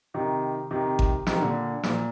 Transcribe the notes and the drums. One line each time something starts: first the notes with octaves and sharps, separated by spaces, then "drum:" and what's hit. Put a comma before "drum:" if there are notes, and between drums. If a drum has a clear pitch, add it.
C3 D#3
C3 D#3
drum: kick G#1
C3 D#3, drum: snare
A#2 D3
A#2, drum: snare